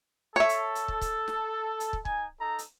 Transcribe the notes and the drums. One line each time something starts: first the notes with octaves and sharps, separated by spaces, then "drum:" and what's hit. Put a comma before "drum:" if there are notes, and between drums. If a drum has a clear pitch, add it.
A4 C#5 E5
drum: hi-hat
drum: hi-hat
drum: kick
drum: kick, hi-hat
drum: snare
drum: hi-hat
drum: kick
D#4 G#5, drum: kick
D#4 A4 A#5
drum: hi-hat